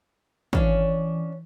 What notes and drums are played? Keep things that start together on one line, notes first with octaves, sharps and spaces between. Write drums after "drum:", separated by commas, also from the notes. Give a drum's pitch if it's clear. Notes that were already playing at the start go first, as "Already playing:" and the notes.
E3 C#4 D4 F5, drum: kick